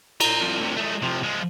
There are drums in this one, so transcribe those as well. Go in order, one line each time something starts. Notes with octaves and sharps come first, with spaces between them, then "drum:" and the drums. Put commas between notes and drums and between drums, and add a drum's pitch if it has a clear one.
C5 A#5, drum: cymbal
C2 F3
D2 C3
G#3 A3
C3 F3
F3 G#3